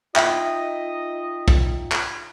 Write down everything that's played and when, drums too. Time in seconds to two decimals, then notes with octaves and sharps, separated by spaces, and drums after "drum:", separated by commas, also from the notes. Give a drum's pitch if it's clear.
0.16 D#4 F4 D#5 E5 G5, drum: clap
1.48 drum: kick
1.92 drum: clap